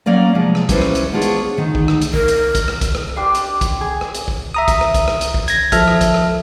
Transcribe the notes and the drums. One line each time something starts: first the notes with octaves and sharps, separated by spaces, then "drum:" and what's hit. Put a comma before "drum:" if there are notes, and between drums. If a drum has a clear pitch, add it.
F#3 A#3 C#4 D5 D#5
C3 F3 G#3
drum: rim click
G3 C#4 E4 B4 C5, drum: kick, hi-hat
drum: rim click
drum: hi-hat
G#3 B3 D4 F4 G#4 C#5
drum: hi-hat
D2 D#3 D#4
drum: kick
drum: rim click
drum: hi-hat
A#4, drum: kick
drum: hi-hat
drum: kick, hi-hat
drum: rim click
drum: kick, hi-hat
drum: rim click
D4 G4 C6
drum: hi-hat
drum: kick, hi-hat
G#4
drum: rim click
drum: hi-hat
drum: kick
E5 A#5 D#6
drum: kick, hi-hat
drum: rim click
drum: kick, hi-hat
drum: rim click
drum: hi-hat
drum: kick
G#6 A#6, drum: hi-hat
F3 A4 E5 F6, drum: kick, hi-hat
drum: rim click
drum: kick, hi-hat
drum: rim click